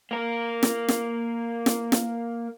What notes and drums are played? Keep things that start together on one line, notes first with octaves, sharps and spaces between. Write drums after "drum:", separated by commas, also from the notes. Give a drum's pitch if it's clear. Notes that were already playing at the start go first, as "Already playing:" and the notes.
A#3 A#4
drum: snare
drum: snare
drum: snare
drum: snare